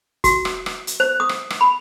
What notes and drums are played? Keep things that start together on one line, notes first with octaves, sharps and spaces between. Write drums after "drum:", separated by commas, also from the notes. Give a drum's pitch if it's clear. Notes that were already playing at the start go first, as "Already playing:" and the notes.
F#4, drum: kick, hi-hat
drum: rim click
drum: rim click
drum: hi-hat
C5
D#6
drum: rim click
drum: rim click
B5